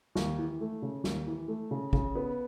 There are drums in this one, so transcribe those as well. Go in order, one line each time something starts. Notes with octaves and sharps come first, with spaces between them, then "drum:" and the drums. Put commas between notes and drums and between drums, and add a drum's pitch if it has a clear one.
D#2, drum: snare
E3
A3
C#3
D#2, drum: snare
E3
A3
C#3
C#3, drum: kick
B3